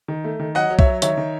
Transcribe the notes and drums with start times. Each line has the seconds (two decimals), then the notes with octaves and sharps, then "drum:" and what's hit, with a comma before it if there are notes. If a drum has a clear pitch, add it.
0.08 D#3
0.24 A3
0.40 D#3
0.55 F#3 D#5 F#5
0.70 F#3
0.79 C#5 E5, drum: kick B1
0.86 F#3
1.02 D#3 C#5 E5, drum: hi-hat
1.17 D#3